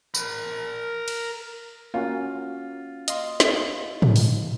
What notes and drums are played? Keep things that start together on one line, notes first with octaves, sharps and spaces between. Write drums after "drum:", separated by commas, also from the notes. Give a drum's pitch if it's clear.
A#4 B5, drum: tambourine
drum: cymbal
A#3 C#4 F4 F#4
D#5 F5 C6, drum: hi-hat
drum: snare
drum: tom
drum: open hi-hat